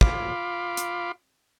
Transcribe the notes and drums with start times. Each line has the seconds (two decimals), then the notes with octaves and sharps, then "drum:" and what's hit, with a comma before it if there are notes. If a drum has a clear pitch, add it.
0.01 F4 F5 B5 C6 D6, drum: kick
0.77 drum: hi-hat